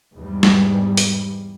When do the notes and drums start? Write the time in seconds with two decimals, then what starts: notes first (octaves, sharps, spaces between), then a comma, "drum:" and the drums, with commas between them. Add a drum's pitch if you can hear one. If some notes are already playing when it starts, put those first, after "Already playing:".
0.16 E2 G#2 G3
0.43 drum: snare
0.97 drum: hi-hat